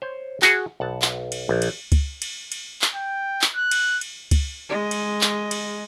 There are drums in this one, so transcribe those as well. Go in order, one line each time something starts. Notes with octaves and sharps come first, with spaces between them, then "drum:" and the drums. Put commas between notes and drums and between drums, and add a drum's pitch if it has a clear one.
C5 C#5
F#4 G#4, drum: clap
B1 F#5 A5
drum: clap
drum: cymbal
A#1
drum: cymbal
drum: kick C#2, cymbal
drum: cymbal
drum: cymbal
drum: clap
G5
drum: clap
F#6
drum: cymbal
drum: cymbal
drum: kick C#2, cymbal
G#3 D#5
drum: cymbal
drum: clap
drum: cymbal